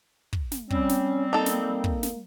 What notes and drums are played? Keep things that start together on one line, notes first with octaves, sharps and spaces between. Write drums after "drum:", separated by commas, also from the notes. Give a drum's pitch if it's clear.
drum: kick
drum: snare
G3 C4 C#4, drum: kick
drum: snare
A#3 D#4 A4
drum: snare
drum: kick
drum: snare